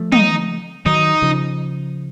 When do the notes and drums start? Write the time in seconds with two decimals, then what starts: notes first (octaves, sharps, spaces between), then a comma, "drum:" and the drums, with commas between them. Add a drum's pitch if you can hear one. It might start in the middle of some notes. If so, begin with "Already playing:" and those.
Already playing: F3 A3
0.12 D#4, drum: tom
0.86 D#3 F#3 D#4
1.22 C#3 F3